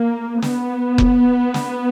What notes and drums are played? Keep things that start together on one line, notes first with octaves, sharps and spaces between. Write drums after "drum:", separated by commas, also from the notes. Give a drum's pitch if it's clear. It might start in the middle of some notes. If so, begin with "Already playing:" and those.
Already playing: A#3
B3, drum: snare
drum: kick F1
drum: snare